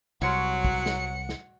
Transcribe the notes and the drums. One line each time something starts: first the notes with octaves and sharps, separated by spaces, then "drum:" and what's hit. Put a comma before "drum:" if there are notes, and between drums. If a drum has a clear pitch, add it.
C2 F#3 C#5 F#5 C6 F6 C#7
drum: kick
drum: snare
drum: snare